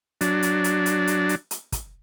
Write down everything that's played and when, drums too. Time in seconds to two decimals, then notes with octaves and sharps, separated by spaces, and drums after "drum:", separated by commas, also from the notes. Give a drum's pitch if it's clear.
0.21 F#3 D4, drum: hi-hat
0.42 drum: hi-hat
0.64 drum: hi-hat
0.86 drum: hi-hat
1.07 drum: hi-hat
1.29 drum: hi-hat
1.51 drum: hi-hat
1.72 drum: kick, hi-hat